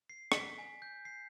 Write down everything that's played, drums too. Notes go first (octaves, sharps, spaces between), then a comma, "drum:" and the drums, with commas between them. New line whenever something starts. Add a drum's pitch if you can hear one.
C7
B6, drum: rim click
G#5
G6
C7